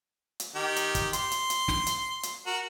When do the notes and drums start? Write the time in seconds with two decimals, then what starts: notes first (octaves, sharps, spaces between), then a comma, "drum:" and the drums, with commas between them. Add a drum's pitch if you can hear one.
0.40 drum: hi-hat
0.55 D#3 G4
0.76 drum: hi-hat
0.95 drum: kick, hi-hat
1.13 C6, drum: hi-hat
1.31 drum: hi-hat
1.50 drum: hi-hat
1.68 drum: snare
1.87 drum: hi-hat
2.23 drum: hi-hat
2.46 F#4 A#4